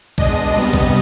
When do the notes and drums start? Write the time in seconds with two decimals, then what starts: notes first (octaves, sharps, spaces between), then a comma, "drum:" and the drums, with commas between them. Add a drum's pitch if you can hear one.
0.18 B2 G#3 D4 D#5, drum: kick B1, hi-hat
0.55 C3 G3 B3 D#5
0.73 drum: kick B1